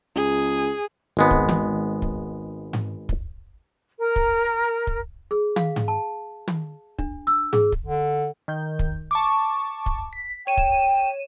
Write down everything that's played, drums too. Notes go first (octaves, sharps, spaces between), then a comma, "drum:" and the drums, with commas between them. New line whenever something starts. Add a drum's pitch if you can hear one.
C#2 G#4
G#1 G#3 B3
drum: kick
drum: tom
drum: kick
drum: tom G#2
drum: kick
A#4
drum: kick
drum: kick
G#4
F5, drum: tom
drum: tom G#2
A5
drum: tom
D4, drum: kick
E6
G#4, drum: tom G#2
drum: kick
D3
D#3 G6
drum: kick
A5 C#6 D6
drum: kick
B6
C#5 G5 D#7 E7
drum: kick